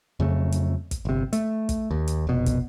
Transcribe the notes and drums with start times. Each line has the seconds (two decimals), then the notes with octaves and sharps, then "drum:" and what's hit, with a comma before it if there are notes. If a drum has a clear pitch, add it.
0.20 F2 C#3 F#3 A3
0.52 drum: hi-hat
0.91 drum: kick, hi-hat
1.05 G1 C3
1.33 A3, drum: hi-hat
1.69 drum: kick, hi-hat
1.91 D#2
2.08 drum: hi-hat
2.27 F1 B2
2.46 drum: kick, hi-hat